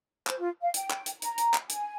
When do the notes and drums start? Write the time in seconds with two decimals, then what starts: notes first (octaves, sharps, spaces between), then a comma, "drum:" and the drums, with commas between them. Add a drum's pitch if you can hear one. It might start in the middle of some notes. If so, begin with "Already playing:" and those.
0.27 C5, drum: clap
0.39 F4
0.62 F5
0.74 G5, drum: hi-hat
0.90 drum: clap
1.06 drum: hi-hat
1.22 A#5, drum: hi-hat
1.38 drum: hi-hat
1.54 drum: clap
1.70 G#5, drum: hi-hat